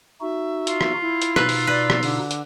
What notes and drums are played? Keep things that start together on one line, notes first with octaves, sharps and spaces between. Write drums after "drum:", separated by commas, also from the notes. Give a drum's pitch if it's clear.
D#4 F#4 E5
F4, drum: hi-hat
drum: rim click
E4
drum: hi-hat
B2 D#4 B4 E6, drum: rim click
drum: open hi-hat
B4 D5
drum: rim click
D3, drum: open hi-hat
drum: hi-hat